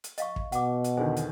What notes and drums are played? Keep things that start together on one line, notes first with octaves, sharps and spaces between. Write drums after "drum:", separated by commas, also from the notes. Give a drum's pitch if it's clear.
drum: hi-hat
D#5 F5 C#6, drum: hi-hat
drum: kick
B2 F#5 D6, drum: hi-hat
drum: hi-hat
E2 D3 D#3 G#4 C5 G#5
drum: hi-hat